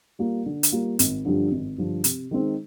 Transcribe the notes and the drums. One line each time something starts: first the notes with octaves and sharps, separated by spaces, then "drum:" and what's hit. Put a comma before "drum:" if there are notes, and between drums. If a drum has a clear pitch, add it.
G3 A#3 F4
D3
drum: hi-hat
G3 A#3 F4
G#1, drum: hi-hat
G2 D3 F3
G#1
G2 D3 F3
C3, drum: hi-hat
D#3 G#3 C4 D#4